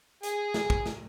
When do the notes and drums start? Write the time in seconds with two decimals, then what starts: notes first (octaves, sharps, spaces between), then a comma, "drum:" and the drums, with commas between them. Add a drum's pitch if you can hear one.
0.23 G#4 G#5, drum: hi-hat
0.54 drum: snare
0.70 drum: kick
0.86 drum: snare